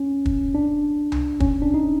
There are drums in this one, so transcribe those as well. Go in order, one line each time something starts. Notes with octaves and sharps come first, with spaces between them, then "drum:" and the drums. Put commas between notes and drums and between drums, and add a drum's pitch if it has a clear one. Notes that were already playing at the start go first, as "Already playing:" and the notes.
Already playing: C#4
drum: kick
D4
drum: tom C2
C#4, drum: kick
D4
D#4